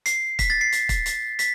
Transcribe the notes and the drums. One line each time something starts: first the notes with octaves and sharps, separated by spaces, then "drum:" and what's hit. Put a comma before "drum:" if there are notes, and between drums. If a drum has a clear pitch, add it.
C7, drum: hi-hat
B6, drum: kick, hi-hat
A6
C7
drum: hi-hat
drum: kick, hi-hat
drum: hi-hat
B6, drum: hi-hat